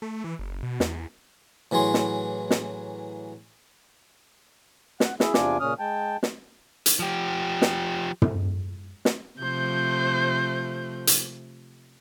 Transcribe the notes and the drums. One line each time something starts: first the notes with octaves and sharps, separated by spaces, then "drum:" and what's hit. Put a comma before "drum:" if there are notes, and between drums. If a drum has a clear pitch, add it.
A3
E3
F#1
B2
E2, drum: snare
A2 E3 F#3 G#4 C6
drum: snare
drum: snare
F#5, drum: snare
E4 G#4 E5, drum: snare
E2 C3 D4 F4 G#5 D6, drum: snare
A#2 C#3 C#4 D#6 F6
G#3 G5 A5
drum: snare
drum: hi-hat
F3 G4
drum: snare
drum: tom
drum: snare
C3 F3 A3 C5 G6
drum: hi-hat